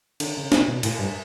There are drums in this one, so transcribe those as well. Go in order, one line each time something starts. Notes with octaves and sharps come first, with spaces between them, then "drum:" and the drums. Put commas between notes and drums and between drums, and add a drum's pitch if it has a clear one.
D3, drum: cymbal
C#3
B2, drum: snare
B2
A2, drum: cymbal
G2